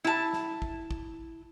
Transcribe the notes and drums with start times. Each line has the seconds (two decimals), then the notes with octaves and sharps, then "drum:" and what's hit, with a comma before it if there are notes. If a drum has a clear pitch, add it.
0.04 E4 A5
0.33 drum: snare
0.62 drum: kick
0.91 drum: kick